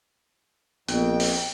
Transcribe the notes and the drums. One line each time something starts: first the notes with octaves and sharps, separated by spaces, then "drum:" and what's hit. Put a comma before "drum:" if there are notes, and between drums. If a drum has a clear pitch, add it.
A#1 F2 B3 G5, drum: hi-hat
drum: open hi-hat